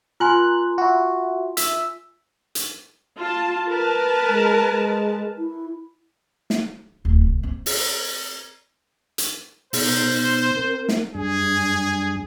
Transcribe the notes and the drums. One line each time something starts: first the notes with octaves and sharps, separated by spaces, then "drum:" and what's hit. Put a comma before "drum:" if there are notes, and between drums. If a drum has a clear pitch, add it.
F4 A#4 G#5 C6 F#6
E4 F#4
E5, drum: hi-hat
drum: hi-hat
F4 A5
A#4 B4 A5
G#3
G#3
E4
drum: snare
D1
C2
C4
drum: open hi-hat
drum: hi-hat
B2 B3 D#4 C5, drum: open hi-hat
C4 A#4
drum: snare
F#2 G3 D4 G#4